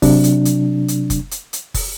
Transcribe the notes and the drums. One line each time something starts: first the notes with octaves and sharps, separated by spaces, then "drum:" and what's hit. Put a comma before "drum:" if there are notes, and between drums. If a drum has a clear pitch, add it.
C3 F#3 D4, drum: kick F1, open hi-hat
drum: hi-hat
drum: hi-hat
drum: hi-hat
drum: kick F1, hi-hat
drum: hi-hat
drum: hi-hat
drum: kick F1, open hi-hat